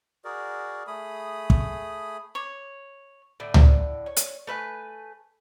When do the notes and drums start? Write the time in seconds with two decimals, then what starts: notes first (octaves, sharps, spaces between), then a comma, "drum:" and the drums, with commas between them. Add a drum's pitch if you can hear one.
0.25 F#4 G#4 A#4 D5
0.87 A3 G#4 B5 D#6
1.50 drum: kick
2.35 C#5
3.40 A2 D3
3.54 drum: tom C#2
4.06 C#5
4.16 drum: hi-hat
4.47 A3 B4 E5 G#5